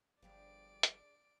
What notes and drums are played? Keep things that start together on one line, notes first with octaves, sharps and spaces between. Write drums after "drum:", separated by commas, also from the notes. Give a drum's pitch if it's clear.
G1 F3 G3 D4 G#4 D5 D7
drum: hi-hat